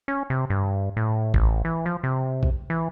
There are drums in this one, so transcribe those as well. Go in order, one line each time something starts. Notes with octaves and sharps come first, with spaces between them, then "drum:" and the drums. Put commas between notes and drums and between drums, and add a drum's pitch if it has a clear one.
C#4
C3
G2
A2
A1, drum: kick B1
E3
F3
C3
drum: kick B1
E3